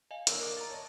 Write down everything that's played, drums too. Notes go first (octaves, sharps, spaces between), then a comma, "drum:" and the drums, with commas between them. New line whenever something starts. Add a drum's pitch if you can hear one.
D#5 F5 G#5
D3 A#3 C#5 D#6 E6 D7, drum: hi-hat
A#4 D6
A#4 A#5 A6
C#5 D#5 A5